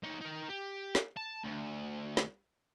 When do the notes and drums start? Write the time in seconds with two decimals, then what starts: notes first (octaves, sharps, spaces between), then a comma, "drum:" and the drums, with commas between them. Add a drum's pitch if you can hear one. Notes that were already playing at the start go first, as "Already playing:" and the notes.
0.04 D#4 C#5
0.21 D#4 A#4
0.50 G4
0.95 drum: snare
1.17 A5
1.44 D2
2.17 drum: snare